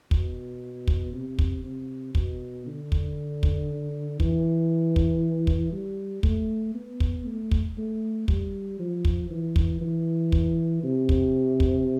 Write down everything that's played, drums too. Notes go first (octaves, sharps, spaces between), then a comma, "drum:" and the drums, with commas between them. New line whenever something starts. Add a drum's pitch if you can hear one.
B2, drum: kick
drum: kick
C3
drum: kick
C3
B2, drum: kick
D3
drum: kick
drum: kick
E3, drum: kick
drum: kick
drum: kick
G3
A3, drum: kick
B3
drum: kick
A3
drum: kick
A3
G3, drum: kick
F3
drum: kick
E3
drum: kick
E3
drum: kick
C3
drum: kick
drum: kick